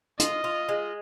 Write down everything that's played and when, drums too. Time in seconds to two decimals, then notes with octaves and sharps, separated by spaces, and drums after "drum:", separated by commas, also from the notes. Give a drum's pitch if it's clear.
0.20 F4 D#5, drum: hi-hat
0.44 F4
0.69 G#3